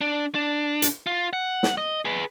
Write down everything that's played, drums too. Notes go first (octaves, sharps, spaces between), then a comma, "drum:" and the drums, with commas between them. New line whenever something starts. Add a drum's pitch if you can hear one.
D4
D4
drum: hi-hat
F4
F#5
drum: snare
D#5
G#4 B4